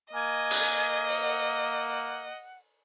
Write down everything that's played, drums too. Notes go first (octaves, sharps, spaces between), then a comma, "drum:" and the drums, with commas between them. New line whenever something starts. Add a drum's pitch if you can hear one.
A#3 D#5 G#5
drum: cymbal
drum: open hi-hat
F#5